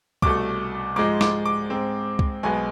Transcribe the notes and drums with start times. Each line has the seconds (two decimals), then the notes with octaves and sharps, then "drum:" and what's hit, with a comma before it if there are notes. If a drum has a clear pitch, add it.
0.22 C2 B2 A3 D6, drum: kick C2
0.96 G#2 F3 G#3 D6
1.21 D6, drum: snare
1.45 D6
1.70 G#2 G#3 C4
2.19 drum: kick C2
2.43 B1 B2 G#3 B3 G#5